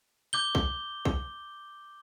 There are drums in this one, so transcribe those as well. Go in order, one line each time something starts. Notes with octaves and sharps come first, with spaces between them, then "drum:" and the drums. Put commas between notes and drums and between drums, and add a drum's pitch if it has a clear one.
D6 G6 G7
drum: kick B1
drum: kick B1